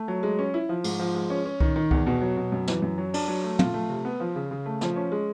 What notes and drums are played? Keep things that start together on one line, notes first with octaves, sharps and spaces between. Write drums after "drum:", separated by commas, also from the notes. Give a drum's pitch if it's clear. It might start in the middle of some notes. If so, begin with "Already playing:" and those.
Already playing: A3
F#3
G#3
C#4
E4
F3
G#2, drum: cymbal
F3
G#3
C#4
C#4
D#3, drum: kick C2
D#3
E2, drum: kick C2
B2
F#3
B2
F#2
E3, drum: snare
F#2
F#3
D4, drum: cymbal
F#3
A3
F4, drum: tom
A3
C3
B3
F3
C#3
C#3
A3
F3, drum: snare
C#4
G#3